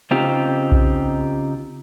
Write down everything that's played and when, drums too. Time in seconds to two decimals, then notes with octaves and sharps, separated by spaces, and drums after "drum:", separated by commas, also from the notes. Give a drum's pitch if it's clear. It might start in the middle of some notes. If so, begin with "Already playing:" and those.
0.11 C#3 C4 D#4 F4 G4
0.72 drum: kick B1